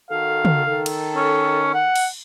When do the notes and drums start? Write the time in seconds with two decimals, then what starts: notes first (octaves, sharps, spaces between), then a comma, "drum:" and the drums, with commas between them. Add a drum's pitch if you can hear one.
0.11 D#3 F#4 A4 F5
0.45 drum: tom
0.67 D#3 A4
0.86 drum: cymbal
1.16 C#4
1.74 F#5
1.96 drum: cymbal